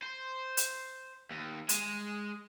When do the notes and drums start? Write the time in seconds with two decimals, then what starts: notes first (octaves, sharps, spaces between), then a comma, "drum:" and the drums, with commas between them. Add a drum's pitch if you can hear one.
0.03 C5
0.57 drum: hi-hat
1.31 D#2
1.69 G#3, drum: hi-hat